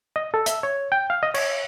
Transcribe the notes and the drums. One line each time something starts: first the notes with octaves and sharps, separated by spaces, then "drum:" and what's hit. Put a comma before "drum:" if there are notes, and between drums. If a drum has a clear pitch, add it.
D#5
A4
E5, drum: hi-hat
C#5
G5
F5
D#5
C#5, drum: cymbal